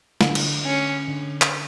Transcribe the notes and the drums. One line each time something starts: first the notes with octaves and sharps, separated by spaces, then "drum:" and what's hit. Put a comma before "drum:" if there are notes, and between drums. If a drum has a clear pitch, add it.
D3, drum: snare
drum: cymbal
C#4
D3
drum: clap